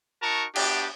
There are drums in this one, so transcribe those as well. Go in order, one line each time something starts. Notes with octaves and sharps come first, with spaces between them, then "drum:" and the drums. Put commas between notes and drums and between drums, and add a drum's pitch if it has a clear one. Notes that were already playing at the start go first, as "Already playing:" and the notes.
D#4 F#4 A#4 A5 C#6
B3 D4 F#4 G4, drum: cymbal